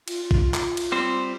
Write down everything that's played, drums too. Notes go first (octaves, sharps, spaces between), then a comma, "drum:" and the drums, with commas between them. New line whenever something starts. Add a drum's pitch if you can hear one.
F4, drum: cymbal
drum: kick
drum: clap
drum: cymbal
G3 C4 C5